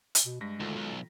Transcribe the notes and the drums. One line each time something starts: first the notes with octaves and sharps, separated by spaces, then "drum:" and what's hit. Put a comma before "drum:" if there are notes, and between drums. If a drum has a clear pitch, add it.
drum: hi-hat
B2
G2 G#3 A#6 B6
D2 D#3 F4 A4
B1